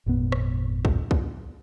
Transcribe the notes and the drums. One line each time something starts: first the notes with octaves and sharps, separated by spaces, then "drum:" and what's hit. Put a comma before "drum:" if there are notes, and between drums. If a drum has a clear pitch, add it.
G#1 F2 A#2 B3
drum: rim click
drum: kick
drum: kick